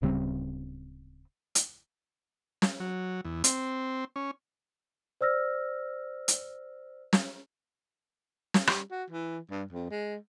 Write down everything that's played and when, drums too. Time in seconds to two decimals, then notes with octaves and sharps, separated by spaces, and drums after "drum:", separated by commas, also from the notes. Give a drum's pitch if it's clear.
0.02 D1 C#3 G3 C4
1.55 drum: hi-hat
2.62 drum: snare
2.80 F#3
3.25 E2
3.44 C4, drum: hi-hat
4.16 C#4
5.21 C5 D5 E6 F6 A#6
6.28 drum: hi-hat
7.13 drum: snare
8.54 drum: snare
8.67 G3, drum: rim click
8.91 F#4
9.10 E3
9.51 G2
9.72 F2
9.90 G#3